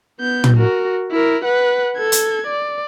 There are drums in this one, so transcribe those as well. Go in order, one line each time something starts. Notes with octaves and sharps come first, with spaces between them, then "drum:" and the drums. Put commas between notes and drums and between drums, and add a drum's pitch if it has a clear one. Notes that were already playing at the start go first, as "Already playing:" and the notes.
B3 G6
drum: tom
F#4 A#4
E4 A#4
B4 F#5
A4 G#6
drum: hi-hat
D5